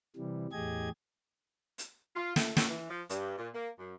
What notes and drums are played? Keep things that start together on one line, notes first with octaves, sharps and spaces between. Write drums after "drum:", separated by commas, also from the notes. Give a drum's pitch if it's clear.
C3 E3 G3
E2 A2 G4 G#4 D#5 G#6
drum: hi-hat
F4
A3, drum: snare
A2, drum: snare
E3
F3
G2, drum: hi-hat
A#2
A#3
F#2